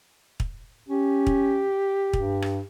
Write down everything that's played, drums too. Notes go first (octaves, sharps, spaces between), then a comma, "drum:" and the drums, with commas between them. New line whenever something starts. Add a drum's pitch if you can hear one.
drum: kick
C#4 G4
drum: kick
G2, drum: kick
drum: rim click